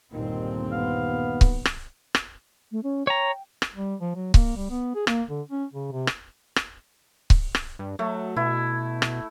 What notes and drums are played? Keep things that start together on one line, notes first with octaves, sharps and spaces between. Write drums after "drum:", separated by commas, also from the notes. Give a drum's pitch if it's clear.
G1 D#2 A#2 D#3 C4
B3 F5
drum: kick C#1
drum: rim click
drum: rim click
A3
C#4
C#5 G5 A#5
drum: rim click
G3
F3
F#3
A#3, drum: kick C#1
G3
B3
G#4
A#3, drum: rim click
D3
C#4
C#3
C3
drum: rim click
drum: rim click
drum: kick C#1
drum: rim click
G2
F#3 A3
B2 E4
drum: rim click